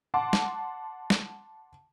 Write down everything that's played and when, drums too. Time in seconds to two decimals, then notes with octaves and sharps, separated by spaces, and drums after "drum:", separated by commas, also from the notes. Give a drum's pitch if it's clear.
0.14 F#5 A5 C6 D6
0.33 drum: snare
1.10 drum: snare